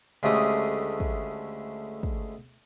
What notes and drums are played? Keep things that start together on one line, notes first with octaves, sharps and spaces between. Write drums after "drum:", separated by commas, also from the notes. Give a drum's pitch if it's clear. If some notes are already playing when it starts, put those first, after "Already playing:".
D2 C#3 G#3 A3 G4 D#6
drum: kick
drum: kick